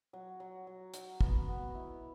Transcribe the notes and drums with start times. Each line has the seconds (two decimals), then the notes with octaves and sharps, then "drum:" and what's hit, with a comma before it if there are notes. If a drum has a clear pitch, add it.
0.13 F#3
0.40 F#3
0.67 F#3
0.94 F#3, drum: hi-hat
1.21 B3, drum: kick
1.49 B3
1.75 E4